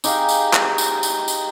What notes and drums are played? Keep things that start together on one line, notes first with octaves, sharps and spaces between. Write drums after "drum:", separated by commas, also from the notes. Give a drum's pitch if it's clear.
D#4 G4 G#4 F5, drum: tambourine
drum: tambourine
drum: clap
drum: tambourine
drum: tambourine
drum: tambourine